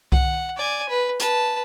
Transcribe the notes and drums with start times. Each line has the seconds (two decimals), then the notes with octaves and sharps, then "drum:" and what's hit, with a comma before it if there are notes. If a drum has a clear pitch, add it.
0.12 F#5, drum: kick C2
0.57 D5 G#5
0.89 B4
1.20 B4 A5, drum: hi-hat